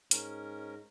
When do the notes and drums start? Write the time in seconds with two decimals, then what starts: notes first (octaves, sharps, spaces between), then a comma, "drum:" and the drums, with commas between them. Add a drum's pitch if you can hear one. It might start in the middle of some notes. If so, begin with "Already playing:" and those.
0.11 G#2 C#4 A#4, drum: hi-hat